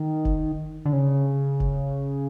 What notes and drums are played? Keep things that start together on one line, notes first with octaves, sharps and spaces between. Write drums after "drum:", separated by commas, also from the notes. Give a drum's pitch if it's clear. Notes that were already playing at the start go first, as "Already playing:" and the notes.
Already playing: D#3
drum: kick F1
D3
C#3
drum: kick F1